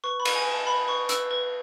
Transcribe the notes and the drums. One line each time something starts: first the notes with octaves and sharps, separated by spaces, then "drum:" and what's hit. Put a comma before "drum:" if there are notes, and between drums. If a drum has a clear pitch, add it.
B4 C#6
B5
B4, drum: cymbal
G#5
B4
A5
B4 B5
B4 C#6
B4 E6, drum: hi-hat
B4